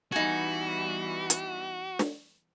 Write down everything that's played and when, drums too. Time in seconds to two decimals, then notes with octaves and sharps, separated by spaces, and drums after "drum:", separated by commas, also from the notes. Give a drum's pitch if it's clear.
0.12 E3 G3 B3 D#4 F#4 G#5
1.30 drum: hi-hat
1.99 drum: snare